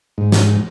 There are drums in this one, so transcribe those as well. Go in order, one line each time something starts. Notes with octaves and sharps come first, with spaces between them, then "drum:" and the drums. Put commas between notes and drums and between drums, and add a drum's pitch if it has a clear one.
G#2
drum: snare